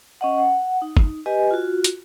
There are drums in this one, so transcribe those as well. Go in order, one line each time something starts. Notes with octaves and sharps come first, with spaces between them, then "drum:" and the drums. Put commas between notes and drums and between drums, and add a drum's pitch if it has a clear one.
C#4 D#5 F#5
F#5
D#4
drum: kick
G4 B4 D#5 G#5
F4 F#4
drum: hi-hat